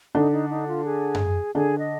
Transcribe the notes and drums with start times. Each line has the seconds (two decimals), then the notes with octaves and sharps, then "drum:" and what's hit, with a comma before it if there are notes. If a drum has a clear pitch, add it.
0.15 D3 D4 D#4
0.32 D#4
0.50 D#4
0.68 F4
0.85 G#4
1.15 drum: tom F#2
1.55 D3 D4 G#4
1.78 D#5